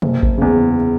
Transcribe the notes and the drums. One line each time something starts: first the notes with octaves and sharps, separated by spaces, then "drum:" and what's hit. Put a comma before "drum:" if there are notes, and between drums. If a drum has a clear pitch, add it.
F#1, drum: tom B2
drum: kick A1
E2 C#3